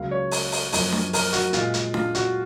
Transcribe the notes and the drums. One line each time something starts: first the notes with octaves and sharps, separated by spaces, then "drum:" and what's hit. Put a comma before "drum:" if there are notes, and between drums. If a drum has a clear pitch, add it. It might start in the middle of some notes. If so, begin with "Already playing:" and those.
Already playing: C#2 C#3 F#3 A#3 F5
C#5
drum: open hi-hat
drum: open hi-hat
F#2 F3 A#3, drum: open hi-hat
drum: snare D4
A#4, drum: open hi-hat
F#4, drum: hi-hat
A#2 G#3 F4, drum: hi-hat
drum: hi-hat
F4, drum: snare D4
F#4, drum: hi-hat